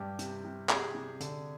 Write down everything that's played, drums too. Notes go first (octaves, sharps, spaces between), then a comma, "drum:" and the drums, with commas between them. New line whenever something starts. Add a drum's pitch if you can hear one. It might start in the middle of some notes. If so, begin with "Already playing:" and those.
Already playing: G2 G4
C3, drum: hi-hat
C3
C3 G#4, drum: clap
C3
D3, drum: hi-hat